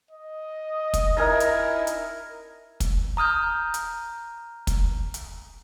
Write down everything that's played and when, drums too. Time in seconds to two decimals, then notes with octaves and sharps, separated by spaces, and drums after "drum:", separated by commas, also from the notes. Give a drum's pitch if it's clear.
0.11 D#5
0.94 drum: kick, hi-hat
1.17 D#4 E4 A#4 G#5 A#5
1.40 drum: hi-hat
1.87 drum: hi-hat
2.80 drum: kick, hi-hat
3.17 A#5 D#6 F6 G6
3.74 drum: hi-hat
4.67 drum: kick, hi-hat
5.14 drum: hi-hat